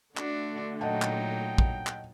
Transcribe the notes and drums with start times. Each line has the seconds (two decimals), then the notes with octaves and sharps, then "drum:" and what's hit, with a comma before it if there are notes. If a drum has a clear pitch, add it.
0.17 D3 A3 D4 F#4, drum: clap
0.81 A#2 F#3 D#4 D#5 F#5 G5 A5
1.02 drum: clap
1.58 drum: kick
1.87 drum: clap